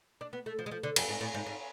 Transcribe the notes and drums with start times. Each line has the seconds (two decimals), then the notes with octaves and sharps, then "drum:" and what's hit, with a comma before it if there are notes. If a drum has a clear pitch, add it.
0.21 D4
0.33 B3
0.46 A3
0.59 F3
0.66 G#3
0.71 F3
0.83 D3
0.96 F2, drum: cymbal
1.09 G#2
1.21 A2
1.34 G#2
1.46 G#2